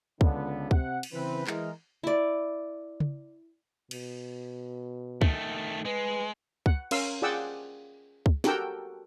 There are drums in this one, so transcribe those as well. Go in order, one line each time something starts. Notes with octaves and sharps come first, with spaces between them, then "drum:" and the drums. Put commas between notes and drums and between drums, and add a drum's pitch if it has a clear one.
C#2 D3 B3, drum: kick
C3 F#5, drum: kick
drum: cymbal
C#3 E3 C4 B4
E3 G#3 A#4, drum: clap
E4 D5
drum: tom C#3
B2, drum: cymbal
D#3 A3, drum: kick
G#3 B4
F#5, drum: kick
C#4 A#4 F5 C6 E6, drum: cymbal
F4 G#4 D5 F#5 G5 E6
drum: kick
F#4 G4 A4 A#4 G5 E6, drum: snare